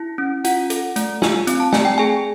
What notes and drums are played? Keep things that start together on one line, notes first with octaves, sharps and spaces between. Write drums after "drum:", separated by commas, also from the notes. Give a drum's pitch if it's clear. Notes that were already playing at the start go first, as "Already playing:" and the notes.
Already playing: E4
C#4
F4 F#5, drum: hi-hat
A4, drum: hi-hat
A3, drum: hi-hat
F4 G#5, drum: snare
C4, drum: hi-hat
A5
A3 G#5, drum: snare
G5
G#4 G#5